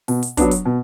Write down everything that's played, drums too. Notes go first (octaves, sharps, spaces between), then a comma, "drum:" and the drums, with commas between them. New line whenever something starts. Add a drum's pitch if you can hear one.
B2, drum: open hi-hat
drum: hi-hat
F#3 B3 D4, drum: kick, hi-hat
drum: hi-hat
B2